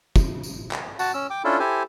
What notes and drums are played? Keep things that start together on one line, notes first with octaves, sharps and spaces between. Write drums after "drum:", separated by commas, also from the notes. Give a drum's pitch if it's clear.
drum: kick, tambourine
drum: tambourine
drum: clap
F#4 F#5 A5, drum: tambourine
C#4 E6
G5 D6
C#4 D4 E4 F4 A4
E4 G4 A4 C5 G#5